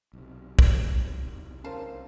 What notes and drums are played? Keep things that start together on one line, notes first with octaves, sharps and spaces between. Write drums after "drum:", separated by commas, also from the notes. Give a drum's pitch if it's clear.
B1 C3
drum: kick
C#4 F4 A#4 C5 F5 A5